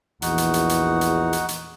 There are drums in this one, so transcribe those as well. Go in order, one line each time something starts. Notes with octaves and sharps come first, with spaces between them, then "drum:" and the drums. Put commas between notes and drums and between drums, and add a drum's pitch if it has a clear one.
A#1 E2 D#4 F#4 F#5, drum: hi-hat
drum: hi-hat
drum: hi-hat
drum: hi-hat
drum: hi-hat
drum: hi-hat
drum: hi-hat